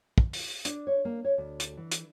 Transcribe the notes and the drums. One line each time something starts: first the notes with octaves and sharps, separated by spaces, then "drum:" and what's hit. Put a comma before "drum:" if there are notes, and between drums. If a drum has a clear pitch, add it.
drum: kick
drum: open hi-hat
D4, drum: hi-hat
C#5
A#3
C#5
D2
drum: hi-hat
E3
drum: hi-hat